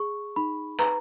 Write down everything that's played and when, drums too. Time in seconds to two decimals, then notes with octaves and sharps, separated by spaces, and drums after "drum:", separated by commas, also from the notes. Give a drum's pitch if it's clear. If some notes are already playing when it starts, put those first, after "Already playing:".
Already playing: G#4 C#6
0.36 D#4 B5
0.79 B4 A#5, drum: clap